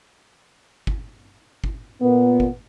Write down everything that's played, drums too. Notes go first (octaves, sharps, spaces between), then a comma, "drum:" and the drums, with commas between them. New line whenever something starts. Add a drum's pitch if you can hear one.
drum: kick
drum: kick
A#2 B3
drum: kick